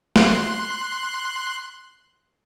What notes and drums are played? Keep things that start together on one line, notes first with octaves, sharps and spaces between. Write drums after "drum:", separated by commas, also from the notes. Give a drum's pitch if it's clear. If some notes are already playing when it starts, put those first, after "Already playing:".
C6 F#6, drum: snare